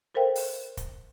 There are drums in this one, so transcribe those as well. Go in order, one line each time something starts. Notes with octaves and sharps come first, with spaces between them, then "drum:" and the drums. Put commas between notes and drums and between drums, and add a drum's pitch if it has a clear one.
A4 A#4 C5 F5 G5
drum: open hi-hat
drum: kick, hi-hat